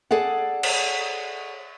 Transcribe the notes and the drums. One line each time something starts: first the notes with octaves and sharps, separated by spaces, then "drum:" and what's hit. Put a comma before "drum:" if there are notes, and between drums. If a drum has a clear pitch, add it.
G#4 A4 D5 F#5
drum: cymbal